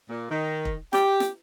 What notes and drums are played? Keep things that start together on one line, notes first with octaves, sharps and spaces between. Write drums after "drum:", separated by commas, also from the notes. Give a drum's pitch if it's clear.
A#2
D#3
drum: kick E1
G4, drum: snare
drum: snare